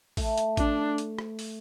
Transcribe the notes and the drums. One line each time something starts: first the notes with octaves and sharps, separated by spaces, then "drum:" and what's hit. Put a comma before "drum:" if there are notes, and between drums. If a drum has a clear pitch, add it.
A3, drum: kick A1, open hi-hat
drum: hi-hat
D4, drum: kick A1, hi-hat
drum: hi-hat
drum: rim click
drum: open hi-hat